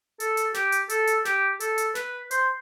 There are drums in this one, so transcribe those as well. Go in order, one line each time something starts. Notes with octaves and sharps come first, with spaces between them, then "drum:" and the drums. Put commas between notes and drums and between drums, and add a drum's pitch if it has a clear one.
A4, drum: hi-hat
drum: hi-hat
G4, drum: snare
drum: hi-hat
A4, drum: hi-hat
drum: hi-hat
G4, drum: snare
A4, drum: hi-hat
drum: hi-hat
B4, drum: snare
C5, drum: hi-hat